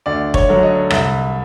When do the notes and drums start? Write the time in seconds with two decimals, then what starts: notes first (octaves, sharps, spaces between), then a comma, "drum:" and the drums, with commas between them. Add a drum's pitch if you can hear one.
0.06 D2 D5
0.34 C#5, drum: kick
0.49 D3 F#3
0.63 D#5
0.90 C2 E5, drum: rim click